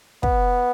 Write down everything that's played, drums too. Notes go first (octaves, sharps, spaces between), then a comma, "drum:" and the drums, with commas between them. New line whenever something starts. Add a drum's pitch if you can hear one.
B3, drum: kick